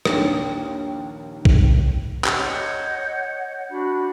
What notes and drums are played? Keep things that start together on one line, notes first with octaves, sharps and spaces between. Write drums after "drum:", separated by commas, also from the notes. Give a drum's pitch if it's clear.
A#1 D#2 D#3 D4 C#5 G5, drum: rim click
drum: kick
drum: clap
C#5 D#5 F#5 G6
D4 F#4 B5